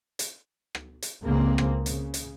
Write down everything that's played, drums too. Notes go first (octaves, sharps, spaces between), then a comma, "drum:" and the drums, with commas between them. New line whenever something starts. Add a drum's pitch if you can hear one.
drum: hi-hat
drum: rim click
drum: hi-hat
C#2 C#3 A#3 C4
drum: rim click
C#3, drum: hi-hat
drum: hi-hat